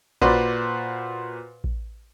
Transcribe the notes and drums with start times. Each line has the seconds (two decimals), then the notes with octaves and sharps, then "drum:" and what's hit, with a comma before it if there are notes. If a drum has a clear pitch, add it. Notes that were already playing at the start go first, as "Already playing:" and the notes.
0.21 A#2 F#4 B4 C5 D5 C6, drum: kick A1
1.64 drum: kick A1